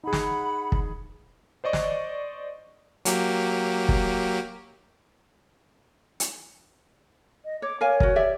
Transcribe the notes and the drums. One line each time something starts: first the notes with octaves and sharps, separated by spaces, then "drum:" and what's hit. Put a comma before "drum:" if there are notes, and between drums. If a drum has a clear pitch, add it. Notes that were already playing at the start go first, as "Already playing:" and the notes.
D#4 G#4 F#5 B5
drum: snare
drum: kick
C5 D5 D#5 C#6
drum: snare
F#3 A#3 G4, drum: hi-hat
drum: kick
drum: hi-hat
D#5
C#5 D6
A#4 C#5 F5 G#5
F#4 A#4, drum: kick
G4 D5 E5